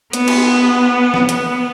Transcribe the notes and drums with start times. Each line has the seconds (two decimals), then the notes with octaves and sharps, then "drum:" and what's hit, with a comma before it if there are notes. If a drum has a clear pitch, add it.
0.13 B3, drum: hi-hat
0.28 drum: cymbal
1.14 drum: snare
1.29 B3, drum: hi-hat